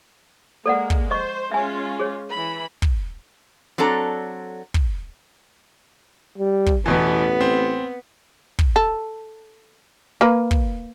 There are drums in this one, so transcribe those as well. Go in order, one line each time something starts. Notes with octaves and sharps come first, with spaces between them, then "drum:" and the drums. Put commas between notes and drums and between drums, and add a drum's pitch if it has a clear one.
G#3 A#3 A4 D5 F#5
drum: kick
C5 D#5 C#6
G#3 C#4 F4 E5 G#5
G#4 C#5
E3 B5
drum: kick
F#3 C4 D4 A4 A#5
drum: kick
G3
drum: kick
A1 E2 B2 E3 B3
C4
drum: kick
A4
A#3 B4
drum: kick